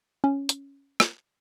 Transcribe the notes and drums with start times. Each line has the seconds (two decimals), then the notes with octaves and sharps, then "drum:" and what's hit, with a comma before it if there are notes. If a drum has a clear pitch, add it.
0.24 C#4
0.49 drum: hi-hat
1.00 drum: rim click